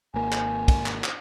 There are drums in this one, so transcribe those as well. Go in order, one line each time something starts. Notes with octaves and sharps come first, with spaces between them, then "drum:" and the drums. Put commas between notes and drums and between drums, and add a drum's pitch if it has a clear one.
G#1 A#3 G#5
drum: clap
drum: kick, cymbal
drum: clap
drum: clap